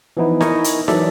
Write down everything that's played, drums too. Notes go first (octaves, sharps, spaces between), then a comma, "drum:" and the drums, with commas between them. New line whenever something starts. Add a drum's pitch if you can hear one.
E3 F3 B3 D#4 E4
D#4 E4 A#4 D#5 G#5 C#6, drum: snare D#4
drum: hi-hat
E3 F#3 A4 D5 E5, drum: snare D#4